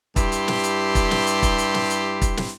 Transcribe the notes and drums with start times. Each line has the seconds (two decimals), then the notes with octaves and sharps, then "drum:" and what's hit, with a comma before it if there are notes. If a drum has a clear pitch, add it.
0.16 G2 E4 G4 C6, drum: kick, hi-hat
0.32 drum: hi-hat
0.48 drum: snare
0.64 drum: hi-hat
0.95 drum: kick, hi-hat
1.11 drum: snare
1.27 drum: hi-hat
1.43 drum: kick, hi-hat
1.58 drum: hi-hat
1.74 drum: snare
1.90 drum: hi-hat
2.22 drum: kick, hi-hat
2.37 drum: snare